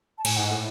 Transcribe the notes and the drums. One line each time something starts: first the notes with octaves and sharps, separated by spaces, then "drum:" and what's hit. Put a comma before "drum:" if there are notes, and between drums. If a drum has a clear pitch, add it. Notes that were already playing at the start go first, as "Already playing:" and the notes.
A5
A2 G#5, drum: cymbal
G#2 F#5
A2 F#5